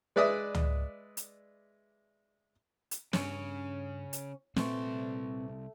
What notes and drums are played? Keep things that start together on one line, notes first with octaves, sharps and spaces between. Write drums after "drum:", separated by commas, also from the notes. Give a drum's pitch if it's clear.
G#3 B4 D5 E5 D#6
drum: tom C#2
drum: hi-hat
drum: hi-hat
G2 C#3 C#4, drum: snare
drum: hi-hat
C2 A#2 A3 C4 B4 C6 C#6, drum: snare